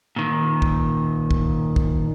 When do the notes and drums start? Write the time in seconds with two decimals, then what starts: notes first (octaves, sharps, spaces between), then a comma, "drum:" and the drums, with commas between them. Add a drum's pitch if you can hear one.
0.16 A#2 D#3
0.62 drum: kick
1.31 drum: kick
1.76 drum: kick